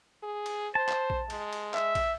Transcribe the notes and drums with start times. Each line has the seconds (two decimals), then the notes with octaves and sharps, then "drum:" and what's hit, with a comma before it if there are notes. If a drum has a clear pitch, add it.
0.23 G#4
0.46 drum: cymbal
0.75 C5 A5
0.88 drum: clap
1.10 drum: kick A#1
1.30 G#3, drum: cymbal
1.53 drum: cymbal
1.74 E5, drum: clap
1.95 drum: kick A#1, cymbal